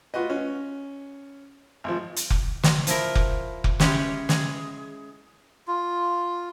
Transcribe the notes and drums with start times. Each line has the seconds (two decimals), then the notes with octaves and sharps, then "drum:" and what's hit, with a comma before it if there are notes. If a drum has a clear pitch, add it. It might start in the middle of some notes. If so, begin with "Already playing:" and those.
0.14 F4 F#4 B4 D#5
0.30 C#4
1.84 G#1 F3
2.16 drum: hi-hat
2.30 drum: kick F1
2.63 drum: snare
2.87 F3 E4 A#4, drum: hi-hat
3.15 drum: kick F1
3.64 drum: kick F1
3.80 G#3 C#4 E4 G4 G#4 C#5, drum: snare
4.29 G#4, drum: snare
5.68 F4